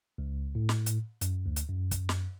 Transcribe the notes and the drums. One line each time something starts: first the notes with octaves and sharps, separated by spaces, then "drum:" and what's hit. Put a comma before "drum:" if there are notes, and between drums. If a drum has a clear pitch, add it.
C#2
A2
drum: snare
drum: hi-hat
F#2, drum: hi-hat
D2
drum: hi-hat
F#2
drum: kick, hi-hat
drum: snare